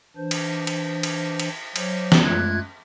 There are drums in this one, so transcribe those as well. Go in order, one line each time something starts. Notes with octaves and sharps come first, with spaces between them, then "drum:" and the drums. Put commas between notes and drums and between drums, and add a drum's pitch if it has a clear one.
E3 D4 C5
drum: cymbal
drum: cymbal
drum: cymbal
drum: cymbal
F#3 C5, drum: cymbal
drum: snare
F#2 G#3 A3 F4 F#6 G#6